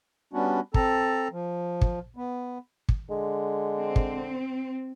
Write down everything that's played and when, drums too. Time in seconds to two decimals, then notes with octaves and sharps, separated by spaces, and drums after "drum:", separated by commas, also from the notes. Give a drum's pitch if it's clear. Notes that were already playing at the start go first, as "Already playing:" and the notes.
0.33 G3 B3 C#4 D4 F#4
0.74 C4 A4 A5 A#5, drum: kick
1.32 F3
1.81 drum: kick
2.16 B3
2.89 drum: kick
3.10 D3 G#3
3.77 C4
3.96 drum: kick